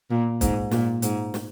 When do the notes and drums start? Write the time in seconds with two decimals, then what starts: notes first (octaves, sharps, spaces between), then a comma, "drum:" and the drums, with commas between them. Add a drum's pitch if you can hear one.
0.11 A#2
0.41 G#2, drum: kick, hi-hat
0.71 A#2, drum: snare
1.02 G#2, drum: hi-hat
1.34 drum: snare